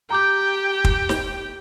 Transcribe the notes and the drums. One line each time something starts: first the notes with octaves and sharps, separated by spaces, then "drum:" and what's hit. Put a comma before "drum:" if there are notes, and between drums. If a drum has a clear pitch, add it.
G4 G5 A#5 D6 G6
drum: kick
drum: snare